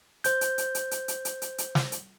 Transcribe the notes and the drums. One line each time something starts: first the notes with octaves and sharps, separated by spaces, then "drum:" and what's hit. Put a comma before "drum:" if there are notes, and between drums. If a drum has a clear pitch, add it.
C5 G6, drum: hi-hat
drum: hi-hat
drum: hi-hat
drum: hi-hat
drum: hi-hat
drum: hi-hat
drum: hi-hat
drum: hi-hat
drum: hi-hat
drum: snare
drum: hi-hat